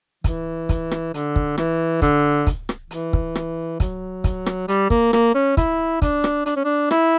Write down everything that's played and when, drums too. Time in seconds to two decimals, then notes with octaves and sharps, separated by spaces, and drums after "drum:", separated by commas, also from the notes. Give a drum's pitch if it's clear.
0.24 E3, drum: kick, hi-hat
0.69 drum: kick, hi-hat
0.91 drum: rim click
1.14 D3, drum: hi-hat
1.36 drum: kick
1.58 E3, drum: rim click
2.02 D3, drum: kick, hi-hat
2.47 drum: kick, hi-hat
2.69 drum: rim click
2.91 E3, drum: hi-hat
3.13 drum: kick
3.35 drum: rim click
3.80 F#3, drum: kick, hi-hat
4.24 drum: kick, hi-hat
4.46 drum: rim click
4.68 G3, drum: hi-hat
4.90 A#3, drum: kick
5.13 A#3, drum: rim click
5.35 C#4
5.57 E4, drum: kick, hi-hat
6.02 D4, drum: kick, hi-hat
6.24 drum: rim click
6.46 D4, drum: hi-hat
6.56 C#4
6.65 D4
6.91 E4, drum: rim click